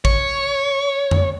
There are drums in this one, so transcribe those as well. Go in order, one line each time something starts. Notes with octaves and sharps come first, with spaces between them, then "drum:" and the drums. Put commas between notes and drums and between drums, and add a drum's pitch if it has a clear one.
C#5, drum: kick
drum: tom F2